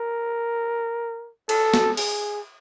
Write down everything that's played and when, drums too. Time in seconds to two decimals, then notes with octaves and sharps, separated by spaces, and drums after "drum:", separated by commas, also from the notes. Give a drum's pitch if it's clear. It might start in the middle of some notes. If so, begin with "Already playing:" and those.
Already playing: A#4
1.49 A4, drum: cymbal
1.74 drum: snare
1.97 G#4, drum: open hi-hat